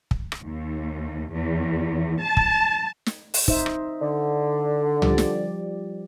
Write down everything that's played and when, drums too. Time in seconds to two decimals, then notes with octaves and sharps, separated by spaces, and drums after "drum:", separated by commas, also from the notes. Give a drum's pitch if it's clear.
0.11 drum: kick
0.32 drum: rim click
0.44 D#2
1.33 E2
2.23 A5
2.37 drum: kick
3.06 drum: snare
3.34 drum: open hi-hat
3.48 D#4 C5 E5, drum: kick
3.66 drum: rim click
4.01 D3
5.02 F3 G3 D5, drum: tom
5.18 drum: snare